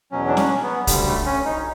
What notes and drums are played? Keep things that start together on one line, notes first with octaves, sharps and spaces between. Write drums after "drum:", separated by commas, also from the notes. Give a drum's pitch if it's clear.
E2 B2 F#3 C#4
D4
C#4, drum: snare C#4
B3
D2 D3 G3, drum: kick C2, hi-hat
A3
C#4
D#4